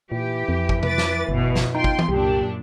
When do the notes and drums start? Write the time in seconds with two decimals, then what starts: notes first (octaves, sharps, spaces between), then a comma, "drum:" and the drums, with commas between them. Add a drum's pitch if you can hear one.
0.12 A#2 E3 G4
0.49 F2
0.69 drum: kick
0.83 B4 D6 A6, drum: tom C3
0.98 drum: snare
1.29 G1 F#2 B2
1.56 drum: snare
1.75 D#4 F4 G5 C6
1.84 drum: kick
1.99 drum: tom E3
2.09 C2 F#2 A#2 D4 G4